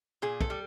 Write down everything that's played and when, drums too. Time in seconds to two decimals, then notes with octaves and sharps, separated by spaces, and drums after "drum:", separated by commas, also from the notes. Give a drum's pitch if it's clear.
0.22 A#2 G#4
0.41 A4, drum: kick
0.50 G3